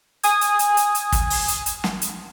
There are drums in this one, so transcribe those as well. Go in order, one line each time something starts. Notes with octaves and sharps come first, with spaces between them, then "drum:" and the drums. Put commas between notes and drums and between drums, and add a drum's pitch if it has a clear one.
G#5 D#6 G#6, drum: hi-hat
drum: hi-hat
drum: hi-hat
drum: hi-hat
drum: hi-hat
drum: kick, hi-hat
drum: open hi-hat
drum: hi-hat
drum: hi-hat
drum: snare
drum: hi-hat